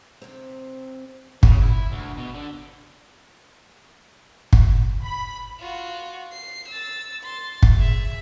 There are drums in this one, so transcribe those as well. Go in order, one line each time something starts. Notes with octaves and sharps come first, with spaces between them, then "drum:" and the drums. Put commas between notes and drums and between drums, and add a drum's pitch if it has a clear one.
C3 C4
C#3, drum: kick
E4
D2
B2
D3
drum: kick
B5
F4 F#4
C7
E6 A6
C6 A6
drum: kick
G#4 E5